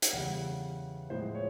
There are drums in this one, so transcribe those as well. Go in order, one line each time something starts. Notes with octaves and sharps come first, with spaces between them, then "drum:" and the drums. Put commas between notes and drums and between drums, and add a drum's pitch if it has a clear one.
drum: hi-hat
E2 C#3 E3 G3 F#5
A2 F3 G#3 C5
C#5